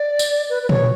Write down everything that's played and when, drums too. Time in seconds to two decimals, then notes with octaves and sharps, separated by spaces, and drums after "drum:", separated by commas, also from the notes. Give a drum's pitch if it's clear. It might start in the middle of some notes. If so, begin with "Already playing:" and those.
Already playing: D5
0.19 drum: tambourine
0.49 B4
0.63 B4
0.69 C#5, drum: tom A#2